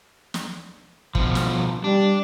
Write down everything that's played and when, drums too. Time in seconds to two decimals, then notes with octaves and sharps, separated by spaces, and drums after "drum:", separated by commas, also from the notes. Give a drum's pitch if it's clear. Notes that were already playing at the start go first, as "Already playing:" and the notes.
0.34 drum: snare
1.15 B2 F3, drum: kick
1.35 drum: snare
1.84 G3 D4